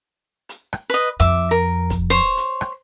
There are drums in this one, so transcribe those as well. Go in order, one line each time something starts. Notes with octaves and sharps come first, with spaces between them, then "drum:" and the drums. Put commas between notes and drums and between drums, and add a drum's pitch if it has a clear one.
drum: hi-hat
drum: rim click
B4 D#5
F2 E5 D6
A#4
drum: kick, hi-hat
C5 C#5
drum: hi-hat
drum: rim click